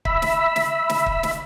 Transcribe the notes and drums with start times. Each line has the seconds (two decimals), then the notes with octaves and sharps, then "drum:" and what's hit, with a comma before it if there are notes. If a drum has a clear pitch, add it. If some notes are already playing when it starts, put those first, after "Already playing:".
0.05 E5 B5, drum: kick
0.22 drum: snare
0.56 drum: snare
0.89 drum: snare
1.06 drum: kick
1.23 drum: snare